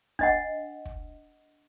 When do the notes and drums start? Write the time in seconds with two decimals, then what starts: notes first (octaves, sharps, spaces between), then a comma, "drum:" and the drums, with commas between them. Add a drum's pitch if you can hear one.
0.19 D4 D#5 F#5, drum: kick
0.85 drum: kick